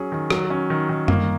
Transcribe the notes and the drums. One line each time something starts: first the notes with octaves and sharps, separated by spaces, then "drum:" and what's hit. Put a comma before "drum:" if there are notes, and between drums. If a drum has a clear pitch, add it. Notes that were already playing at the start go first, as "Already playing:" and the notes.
Already playing: F#3 C#4 G#4
D#3
F#3, drum: rim click
C#4
D#3
D#3
A#3, drum: tom